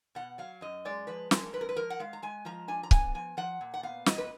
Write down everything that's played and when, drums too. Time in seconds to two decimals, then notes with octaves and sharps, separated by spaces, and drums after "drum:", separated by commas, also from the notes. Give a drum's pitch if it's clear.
0.15 B2 F#5
0.38 F#3 F5
0.61 F#2 D#5
0.85 G#3 D5
1.07 F3 B4
1.31 G#3 A#4, drum: snare
1.53 F#2 B4
1.61 A#4
1.69 B4
1.76 F3 A#4
1.90 F#5
1.99 G#3 F5
2.13 A#5
2.22 G#3 G#5
2.45 F3 A#5
2.68 D4 G#5
2.83 A#5
2.91 B3 G#5, drum: kick C#1
3.15 F3 G#5
3.37 F3 F#5
3.61 A#2
3.74 F#5
3.83 B3 F5
4.06 A#2 D#5, drum: snare
4.18 B4